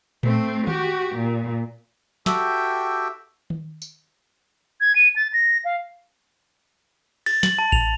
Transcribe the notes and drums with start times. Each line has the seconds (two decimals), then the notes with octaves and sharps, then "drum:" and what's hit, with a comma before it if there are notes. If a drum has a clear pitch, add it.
0.23 A3 C4, drum: tom A2
0.67 F#4 G4, drum: tom D#3
1.16 A#2
2.26 F#4 G4 A4 E5 G5, drum: snare
3.50 drum: tom D#3
3.82 drum: tambourine
4.81 G#6
4.95 D#7
5.16 A6
5.33 A#6
5.65 F5
7.26 A6, drum: cymbal
7.43 F#7, drum: snare
7.59 A5
7.72 F7, drum: kick A1